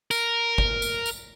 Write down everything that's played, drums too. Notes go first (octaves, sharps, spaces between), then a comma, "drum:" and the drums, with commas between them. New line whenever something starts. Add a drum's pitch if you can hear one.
A#4, drum: tambourine
drum: kick
drum: tambourine
drum: tambourine